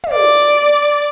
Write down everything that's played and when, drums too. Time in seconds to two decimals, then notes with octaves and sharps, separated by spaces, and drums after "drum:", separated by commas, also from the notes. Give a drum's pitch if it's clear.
0.04 drum: tom
0.13 D5